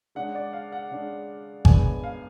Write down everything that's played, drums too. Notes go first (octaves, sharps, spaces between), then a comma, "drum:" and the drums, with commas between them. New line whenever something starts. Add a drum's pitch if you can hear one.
C#3 G#3 D4 F#5
D5
F5
F#5
C#3 G#3 D4
F#2 C#3 G#3 B3 D4 G#5, drum: kick G#1
F5